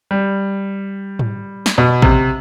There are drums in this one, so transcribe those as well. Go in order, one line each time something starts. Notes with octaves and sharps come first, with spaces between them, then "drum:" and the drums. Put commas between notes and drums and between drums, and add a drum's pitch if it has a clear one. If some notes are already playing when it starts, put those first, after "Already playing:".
G3
drum: tom G#2
drum: snare
B2
C3, drum: kick A1